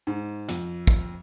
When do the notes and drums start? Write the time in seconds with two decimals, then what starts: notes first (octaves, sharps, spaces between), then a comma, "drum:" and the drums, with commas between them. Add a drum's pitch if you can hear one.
0.07 G#2
0.49 F2, drum: hi-hat
0.87 drum: kick